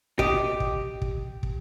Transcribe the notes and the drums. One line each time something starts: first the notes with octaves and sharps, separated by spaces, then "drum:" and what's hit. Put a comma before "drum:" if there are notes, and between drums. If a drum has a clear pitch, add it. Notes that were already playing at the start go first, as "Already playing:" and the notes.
G4 D#5, drum: kick
drum: kick
drum: kick
drum: kick